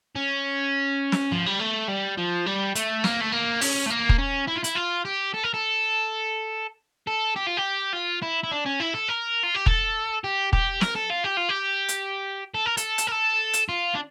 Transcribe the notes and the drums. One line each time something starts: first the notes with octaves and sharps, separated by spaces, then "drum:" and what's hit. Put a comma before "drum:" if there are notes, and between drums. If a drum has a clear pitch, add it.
C#4
drum: snare
F3
G3
A3
G3
F3
G3
A3, drum: hi-hat
A#3, drum: snare
A3
A#3
C#4, drum: open hi-hat
A3
A#3
drum: kick
C#4
E4
F4
E4, drum: hi-hat
F4
G4
A4
A#4
A4
A4
G4
F4
G4
F4
E4
E4
D4
C#4
E4
A4
A#4
F4
G4
A4, drum: kick
G4
G4, drum: kick
A#4, drum: snare
A4
F4
G4
F4
G4
drum: hi-hat
A4
A#4
A4, drum: hi-hat
drum: hi-hat
A#4
A4
drum: hi-hat
F4
D4